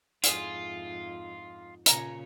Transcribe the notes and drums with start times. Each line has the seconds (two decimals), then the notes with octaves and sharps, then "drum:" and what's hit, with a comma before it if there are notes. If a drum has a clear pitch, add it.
0.24 F2 G#2 E4 F4 G#4, drum: hi-hat
1.86 A#2 C#3 C#5 G#5 A#5, drum: hi-hat